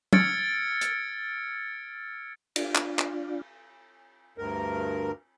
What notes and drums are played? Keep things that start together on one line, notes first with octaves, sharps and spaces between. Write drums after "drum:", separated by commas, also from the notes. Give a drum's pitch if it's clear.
E6 F6 G#6 A6 C#7 D7, drum: tom
drum: hi-hat
D4 F4, drum: cymbal
drum: clap
drum: clap
D2 G2 A#4